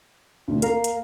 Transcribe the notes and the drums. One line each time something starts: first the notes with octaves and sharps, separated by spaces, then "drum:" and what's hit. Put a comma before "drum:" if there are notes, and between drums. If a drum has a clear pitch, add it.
D2 A#2 D3
A#3 A#4 F5 A#5, drum: hi-hat
drum: hi-hat